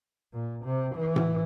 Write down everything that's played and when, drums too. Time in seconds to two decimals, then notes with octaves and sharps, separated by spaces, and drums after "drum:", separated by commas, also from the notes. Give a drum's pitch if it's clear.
0.33 A#2
0.65 C3
0.95 E3
1.16 drum: tom A2